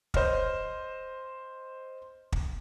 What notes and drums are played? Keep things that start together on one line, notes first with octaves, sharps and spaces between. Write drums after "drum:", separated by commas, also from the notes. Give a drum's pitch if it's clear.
C5 D#5 F6, drum: kick
drum: kick